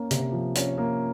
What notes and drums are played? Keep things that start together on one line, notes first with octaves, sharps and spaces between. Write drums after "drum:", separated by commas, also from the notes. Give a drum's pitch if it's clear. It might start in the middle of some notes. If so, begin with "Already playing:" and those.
Already playing: A#3 C#4
C3, drum: hi-hat
F3
C#4, drum: hi-hat
A#3